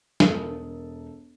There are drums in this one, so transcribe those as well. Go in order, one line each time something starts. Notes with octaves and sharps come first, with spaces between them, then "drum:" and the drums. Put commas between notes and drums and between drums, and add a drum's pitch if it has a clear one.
E1 A4 A#4, drum: snare